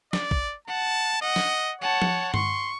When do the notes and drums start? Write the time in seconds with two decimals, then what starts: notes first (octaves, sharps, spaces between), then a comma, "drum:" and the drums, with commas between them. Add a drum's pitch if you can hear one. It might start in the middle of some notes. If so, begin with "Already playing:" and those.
0.13 D5, drum: snare
0.31 drum: kick
0.68 F#5 A5
1.22 D#5 F#5
1.36 drum: snare
1.81 C#5 F#5 A5
2.02 drum: tom F3
2.34 C6 C#6, drum: tom G2